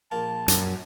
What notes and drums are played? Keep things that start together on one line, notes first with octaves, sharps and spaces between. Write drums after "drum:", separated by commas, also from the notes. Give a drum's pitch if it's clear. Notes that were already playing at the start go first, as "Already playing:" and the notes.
A#1 A#3 F4 A5
F#2, drum: hi-hat